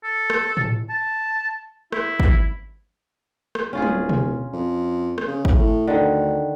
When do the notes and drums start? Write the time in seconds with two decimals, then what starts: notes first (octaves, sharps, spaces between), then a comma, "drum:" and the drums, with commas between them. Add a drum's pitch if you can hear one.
0.04 A4
0.30 drum: rim click
0.57 drum: tom A2
0.90 A5
1.92 E4, drum: rim click
2.20 drum: kick
3.55 drum: rim click
3.73 D1 C#4 F4 G#4
3.82 drum: tom F#3
4.09 drum: tom B2
4.53 F2
5.18 drum: rim click
5.27 C#3
5.45 drum: kick
5.55 A2
5.87 D2 D3 D#3